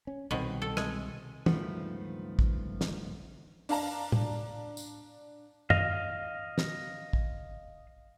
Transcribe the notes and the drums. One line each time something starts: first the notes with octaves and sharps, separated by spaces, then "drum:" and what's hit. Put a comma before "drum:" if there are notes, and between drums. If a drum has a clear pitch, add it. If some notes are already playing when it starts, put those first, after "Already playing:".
C#4
C2 B2 D#3 C4
A4
G#3, drum: rim click
C#2 G2 D#3 F3 A3 B3, drum: tom
drum: kick
drum: snare
D4 F5 A5 A#5, drum: open hi-hat
drum: tom
drum: tambourine
D#5 F5, drum: tom F#2
drum: snare
drum: kick